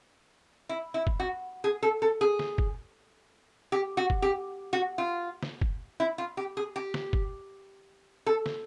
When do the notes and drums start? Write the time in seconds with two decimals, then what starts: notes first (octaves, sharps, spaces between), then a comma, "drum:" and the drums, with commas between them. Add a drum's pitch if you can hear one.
0.69 E4
0.94 E4
1.07 drum: kick F#1
1.20 F#4
1.64 G#4
1.83 A4
2.02 A4
2.21 G#4
2.39 drum: snare
2.58 drum: kick F#1
3.72 G4
3.97 F#4
4.10 drum: kick F#1
4.22 G4
4.73 F#4
4.98 F4
5.43 drum: snare
5.61 drum: kick F#1
6.00 E4
6.18 F4
6.37 G4
6.57 G#4
6.76 G4
6.94 drum: snare
7.13 drum: kick F#1
8.26 A4
8.46 drum: snare